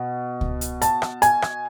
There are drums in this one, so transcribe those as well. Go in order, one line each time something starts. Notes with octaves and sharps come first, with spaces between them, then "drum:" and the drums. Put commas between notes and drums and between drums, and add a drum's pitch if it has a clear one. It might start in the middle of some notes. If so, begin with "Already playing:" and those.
Already playing: B2
drum: kick C#2
drum: hi-hat
A5, drum: hi-hat
drum: rim click
G#5, drum: hi-hat
drum: rim click